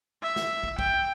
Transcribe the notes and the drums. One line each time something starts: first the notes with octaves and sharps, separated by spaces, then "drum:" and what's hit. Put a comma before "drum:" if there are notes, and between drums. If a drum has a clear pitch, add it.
E5
drum: snare
drum: kick
G5, drum: kick